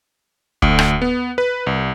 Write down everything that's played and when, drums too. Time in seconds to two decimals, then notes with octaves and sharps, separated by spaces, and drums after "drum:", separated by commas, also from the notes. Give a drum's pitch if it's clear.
0.62 D2, drum: kick
0.79 drum: rim click
1.02 B3
1.38 B4
1.67 C2